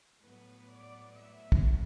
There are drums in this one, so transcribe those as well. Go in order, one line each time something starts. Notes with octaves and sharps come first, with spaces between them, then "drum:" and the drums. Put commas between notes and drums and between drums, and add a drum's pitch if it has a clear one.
A2 F#3 B3 B4
D5
E5
drum: kick